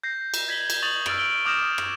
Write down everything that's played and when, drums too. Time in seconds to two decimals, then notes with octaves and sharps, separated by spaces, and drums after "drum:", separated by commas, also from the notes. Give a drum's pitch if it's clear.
0.03 G6 A#6 C7
0.34 drum: cymbal
0.49 G#6 B6 F#7 G7
0.70 drum: cymbal
0.83 C#6 D#6 A6 F7 F#7
1.06 E6 F6 A6 D7 F7 G7, drum: rim click
1.18 D7 F#7 G7
1.45 D6 D#6 F6 G6 A#6 E7
1.78 drum: rim click